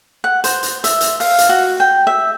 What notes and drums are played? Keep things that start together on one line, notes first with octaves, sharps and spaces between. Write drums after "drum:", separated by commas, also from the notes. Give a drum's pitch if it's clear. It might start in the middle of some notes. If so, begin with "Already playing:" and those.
F#5
C5, drum: hi-hat
drum: hi-hat
E5, drum: hi-hat
drum: hi-hat
F5, drum: open hi-hat
drum: hi-hat
F#4
G5
E5